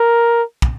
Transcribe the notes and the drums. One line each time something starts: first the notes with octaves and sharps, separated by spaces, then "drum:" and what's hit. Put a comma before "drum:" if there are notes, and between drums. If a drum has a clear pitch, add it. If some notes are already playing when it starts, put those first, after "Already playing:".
Already playing: A#4
drum: kick